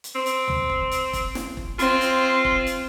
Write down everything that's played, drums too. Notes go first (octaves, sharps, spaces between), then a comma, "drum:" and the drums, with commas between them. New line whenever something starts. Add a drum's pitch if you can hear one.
drum: hi-hat
C4
drum: hi-hat
drum: tom
drum: kick E1
drum: hi-hat
drum: kick E1, hi-hat
drum: snare
drum: kick E1
C4 F4, drum: hi-hat
drum: hi-hat
drum: kick E1
drum: hi-hat